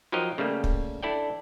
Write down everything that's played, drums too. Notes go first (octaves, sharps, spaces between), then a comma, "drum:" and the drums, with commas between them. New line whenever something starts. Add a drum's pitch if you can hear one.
F3 F#3 D#4 G4 A#4 D#5
C#3 G3 A3 A#3
drum: kick
D4 E4 A4 D5 G5